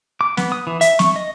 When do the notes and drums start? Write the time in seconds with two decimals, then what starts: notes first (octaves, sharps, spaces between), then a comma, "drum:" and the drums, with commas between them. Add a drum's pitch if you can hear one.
0.21 D6
0.37 B3, drum: snare
0.52 D#6
0.67 E3
0.81 E5, drum: hi-hat
0.99 C#6, drum: snare
1.16 D#5